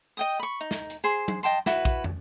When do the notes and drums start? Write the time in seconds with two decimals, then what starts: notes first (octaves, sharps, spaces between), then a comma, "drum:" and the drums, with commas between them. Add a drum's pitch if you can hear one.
0.17 D#5 G5 D#6
0.39 B5 C#6
0.61 D#4
0.71 drum: snare
0.90 drum: hi-hat
1.04 G#4 C5 C6
1.28 drum: tom F#3
1.43 D#5 G5 A5 C6
1.66 E4 F#4 B4, drum: snare
1.85 drum: kick A#1, hi-hat
2.04 drum: tom